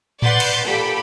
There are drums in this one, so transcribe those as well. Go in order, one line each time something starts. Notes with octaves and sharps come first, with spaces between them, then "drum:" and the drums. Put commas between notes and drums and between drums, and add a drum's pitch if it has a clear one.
B4 D5 F#5 C6 G6 A6, drum: tom A2
drum: cymbal
A#2 G4 A4 B5